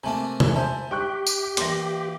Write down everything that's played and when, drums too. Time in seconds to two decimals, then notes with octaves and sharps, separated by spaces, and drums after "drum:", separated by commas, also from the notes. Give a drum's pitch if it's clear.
0.03 C3 A3 A#3 G#5 A5
0.40 E2 E3, drum: tom
0.55 E4 C5 G#5 A5
0.91 G4 G5 C#6 F#6
1.27 drum: tambourine
1.57 A#2 E3 C6 A#6, drum: hi-hat